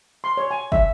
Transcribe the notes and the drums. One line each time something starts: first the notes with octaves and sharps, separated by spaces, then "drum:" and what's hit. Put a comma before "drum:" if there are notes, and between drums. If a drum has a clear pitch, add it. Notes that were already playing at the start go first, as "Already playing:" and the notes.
C6
C#5
G#5
E5, drum: kick